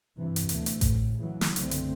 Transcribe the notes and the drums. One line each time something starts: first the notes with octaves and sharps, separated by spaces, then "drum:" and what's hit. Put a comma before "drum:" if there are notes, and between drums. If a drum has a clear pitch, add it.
G2 C3 E3
drum: hi-hat
D2 B2 A3, drum: hi-hat
drum: hi-hat
A2, drum: kick A1, hi-hat
C#3 E3 F#3
drum: snare
B1 F#2 D3 A3 C4, drum: hi-hat
drum: hi-hat